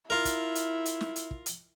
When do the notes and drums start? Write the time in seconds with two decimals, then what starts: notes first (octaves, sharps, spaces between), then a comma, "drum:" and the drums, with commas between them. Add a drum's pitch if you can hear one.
0.10 E4 F4 A#4
0.25 drum: kick, hi-hat
0.55 drum: hi-hat
0.85 drum: hi-hat
1.01 drum: snare
1.16 drum: hi-hat
1.31 drum: kick
1.46 drum: hi-hat